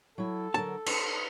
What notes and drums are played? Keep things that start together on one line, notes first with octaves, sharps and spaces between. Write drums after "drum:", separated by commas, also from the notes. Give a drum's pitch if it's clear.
F#3 E4 A4
D3 F#3 A#4 A5
B4, drum: cymbal